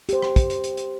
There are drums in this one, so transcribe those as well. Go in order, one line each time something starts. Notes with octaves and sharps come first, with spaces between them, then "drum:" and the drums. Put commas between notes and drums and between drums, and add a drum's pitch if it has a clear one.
G4 C5, drum: hi-hat
drum: rim click
drum: kick, hi-hat
drum: hi-hat
drum: hi-hat
drum: hi-hat